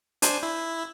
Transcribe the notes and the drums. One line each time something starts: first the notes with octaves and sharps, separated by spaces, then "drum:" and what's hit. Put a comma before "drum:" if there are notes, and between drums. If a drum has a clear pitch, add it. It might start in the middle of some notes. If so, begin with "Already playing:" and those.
D4 C5 G#5, drum: hi-hat
E4